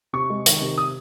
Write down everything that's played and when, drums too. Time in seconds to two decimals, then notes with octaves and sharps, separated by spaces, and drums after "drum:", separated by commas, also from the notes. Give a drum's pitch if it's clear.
0.13 C3 C#6
0.30 G#3
0.46 D#3, drum: hi-hat
0.62 C3
0.78 D#6